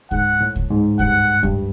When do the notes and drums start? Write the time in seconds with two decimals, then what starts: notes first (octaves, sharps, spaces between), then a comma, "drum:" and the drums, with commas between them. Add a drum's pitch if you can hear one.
0.11 G#2 F#5, drum: kick C#2
0.41 A2
0.56 drum: kick C#2
0.70 G#2
0.99 G2 F#5, drum: kick C#2
1.43 G2, drum: kick C#2